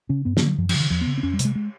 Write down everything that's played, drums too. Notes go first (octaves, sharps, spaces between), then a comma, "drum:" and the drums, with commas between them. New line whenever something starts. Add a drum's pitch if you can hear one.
C#3 C#4
G2 B3
A#3, drum: snare
D3
F#3
F#2 F3
F3, drum: cymbal
C#3
D#3
E2 F3
B3
C#3
C4
F2 C#4
G3
C3, drum: hi-hat
G#3
G#3